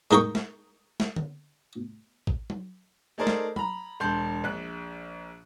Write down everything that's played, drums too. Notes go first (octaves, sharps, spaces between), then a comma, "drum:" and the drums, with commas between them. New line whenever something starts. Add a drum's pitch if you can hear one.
G#3 D#4 A#4 G5 C#6
drum: snare
drum: snare
drum: tom D3
drum: kick A1
drum: tom F#3
A3 D#4 G#4 A#4 C5 D5
drum: snare
A#5 B5, drum: tom F#3
E1 D4 C6 G6
A#1 F#6